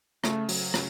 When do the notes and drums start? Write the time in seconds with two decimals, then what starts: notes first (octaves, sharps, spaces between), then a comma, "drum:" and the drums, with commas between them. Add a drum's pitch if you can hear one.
0.24 C#3 A3, drum: rim click
0.49 F#3, drum: open hi-hat
0.74 C#3, drum: rim click